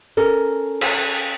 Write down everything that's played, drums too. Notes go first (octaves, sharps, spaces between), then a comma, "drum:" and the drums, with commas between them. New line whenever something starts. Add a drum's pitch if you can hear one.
C#4 A4 A#4
drum: cymbal